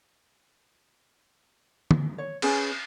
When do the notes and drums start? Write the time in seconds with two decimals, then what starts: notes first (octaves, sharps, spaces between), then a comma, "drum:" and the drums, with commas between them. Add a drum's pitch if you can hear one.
1.91 drum: tom
2.18 C#5
2.42 C#4 G#4 B4, drum: cymbal